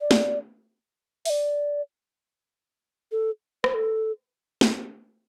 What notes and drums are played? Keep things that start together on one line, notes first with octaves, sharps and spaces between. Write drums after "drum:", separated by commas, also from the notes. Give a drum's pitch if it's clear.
D5
drum: snare
E5, drum: open hi-hat
D5
A4
C5, drum: rim click
A4
drum: snare